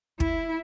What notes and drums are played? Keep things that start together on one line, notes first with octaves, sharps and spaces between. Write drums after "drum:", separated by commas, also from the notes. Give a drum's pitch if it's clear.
E4, drum: kick